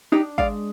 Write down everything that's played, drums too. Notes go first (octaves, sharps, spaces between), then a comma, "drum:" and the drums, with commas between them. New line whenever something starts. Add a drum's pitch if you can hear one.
D4 D#4 G4
G#3 D5 F5, drum: kick